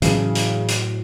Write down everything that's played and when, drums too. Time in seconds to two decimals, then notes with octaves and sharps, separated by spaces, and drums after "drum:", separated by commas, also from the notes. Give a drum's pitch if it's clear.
0.02 A2 C#3 E3 F#3, drum: hi-hat
0.35 drum: hi-hat
0.68 drum: hi-hat